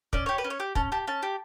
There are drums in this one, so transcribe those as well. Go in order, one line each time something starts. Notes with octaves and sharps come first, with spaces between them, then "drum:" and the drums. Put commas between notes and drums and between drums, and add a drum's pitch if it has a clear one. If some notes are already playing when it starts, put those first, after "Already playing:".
C#4 D5, drum: kick
G4 C#5
B4
C#4
C#5
G4
C#4 A5, drum: kick
G4 A5
C#4 A5
G4